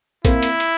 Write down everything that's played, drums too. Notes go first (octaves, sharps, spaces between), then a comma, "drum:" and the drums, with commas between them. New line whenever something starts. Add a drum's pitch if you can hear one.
A#3 C4 E4, drum: kick A#1, hi-hat
drum: hi-hat
drum: hi-hat